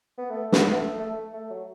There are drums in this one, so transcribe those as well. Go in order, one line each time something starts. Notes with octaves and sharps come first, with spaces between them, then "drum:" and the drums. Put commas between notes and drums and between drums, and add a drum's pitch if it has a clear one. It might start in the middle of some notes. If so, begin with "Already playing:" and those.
B3
A3
B3, drum: snare
B3
A3
A3
A3
F#3